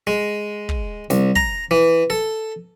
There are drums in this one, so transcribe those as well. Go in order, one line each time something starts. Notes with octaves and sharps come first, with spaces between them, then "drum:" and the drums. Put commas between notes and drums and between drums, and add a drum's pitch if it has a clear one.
G#3
drum: kick
C2, drum: snare
A#5, drum: kick
E3
A4